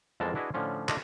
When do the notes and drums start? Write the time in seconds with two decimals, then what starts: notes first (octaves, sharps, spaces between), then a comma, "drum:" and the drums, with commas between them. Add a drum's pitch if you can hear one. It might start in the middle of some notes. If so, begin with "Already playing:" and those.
0.20 F2 E3 G#3 B3 A#4 A5
0.35 D4 E4 F#4 G#4 B4 D#5
0.54 A2 D3 F3 C#4 F4
0.88 A3 D4 F4 D#5, drum: clap